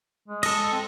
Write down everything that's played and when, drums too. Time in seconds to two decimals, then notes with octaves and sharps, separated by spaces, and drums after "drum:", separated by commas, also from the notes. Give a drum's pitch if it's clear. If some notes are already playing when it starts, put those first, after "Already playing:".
0.28 G#3
0.43 A4 D#5, drum: cymbal
0.72 C4